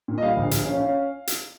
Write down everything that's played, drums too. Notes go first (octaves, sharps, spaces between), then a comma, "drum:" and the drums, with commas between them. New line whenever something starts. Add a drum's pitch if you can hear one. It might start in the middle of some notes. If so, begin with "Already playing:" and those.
A#2
D#5
G3 F5
A#1
A#1, drum: hi-hat
C#4
C#4
drum: hi-hat